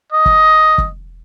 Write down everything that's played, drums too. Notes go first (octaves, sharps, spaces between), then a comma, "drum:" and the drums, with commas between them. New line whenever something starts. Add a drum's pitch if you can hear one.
D#5
drum: kick
drum: kick